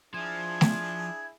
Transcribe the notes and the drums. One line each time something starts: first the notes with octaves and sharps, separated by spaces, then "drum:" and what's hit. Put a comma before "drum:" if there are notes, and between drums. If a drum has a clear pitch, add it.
F3 D4 E4 G#4 G#6
drum: snare A3